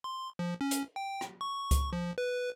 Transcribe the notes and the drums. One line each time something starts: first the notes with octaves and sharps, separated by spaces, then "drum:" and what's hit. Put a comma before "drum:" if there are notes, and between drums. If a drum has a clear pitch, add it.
C6
F3
C#4
drum: hi-hat
G5
drum: rim click
C#6
drum: kick C#2, hi-hat
F3
B4